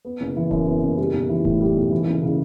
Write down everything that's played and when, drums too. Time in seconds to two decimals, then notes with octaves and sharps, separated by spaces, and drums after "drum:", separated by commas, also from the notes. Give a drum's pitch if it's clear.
0.05 B3
0.21 F#1
0.36 E3
0.51 F#2, drum: kick D1
0.67 B3
0.83 F#1
0.98 G3
1.13 B1
1.29 E3
1.45 A2, drum: kick D1
1.60 G3
1.76 B1
1.91 E3
2.07 F#1
2.23 C#3